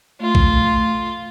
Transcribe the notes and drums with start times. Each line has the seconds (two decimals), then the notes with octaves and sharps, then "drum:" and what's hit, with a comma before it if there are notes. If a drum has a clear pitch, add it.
0.21 A3 F4
0.35 drum: kick A#1